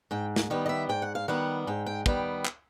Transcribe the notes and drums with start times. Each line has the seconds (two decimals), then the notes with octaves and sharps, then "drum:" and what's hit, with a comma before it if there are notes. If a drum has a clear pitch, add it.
0.11 G#2 G5
0.36 drum: snare
0.50 D#3 G3 B3 G5
0.66 D#5
0.69 E5
0.89 G#2 G5
1.02 F#5
1.15 F5
1.28 D#3 G3 B3 F#5
1.67 G#2 G5
1.86 G5
2.06 D#3 G3 B3 G5, drum: kick
2.45 drum: clap